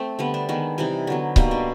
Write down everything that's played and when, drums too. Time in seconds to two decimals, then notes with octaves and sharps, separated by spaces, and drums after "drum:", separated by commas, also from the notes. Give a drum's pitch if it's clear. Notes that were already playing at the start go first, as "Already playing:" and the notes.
Already playing: A3 C4
0.19 D3 G3 B3
0.34 D4
0.49 D#3 G#3 B3
0.78 C3 E3 G3 D#4
1.07 D3 F#3 B3
1.36 B2 G3 A#3 D#4, drum: kick C#1
1.51 D4